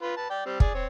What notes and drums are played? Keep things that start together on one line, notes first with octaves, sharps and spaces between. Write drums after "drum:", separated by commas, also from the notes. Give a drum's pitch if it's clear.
F4 B4
B4 A5
D5 G5
G3 C4
G#4 D5 G#5, drum: kick
C4 C#5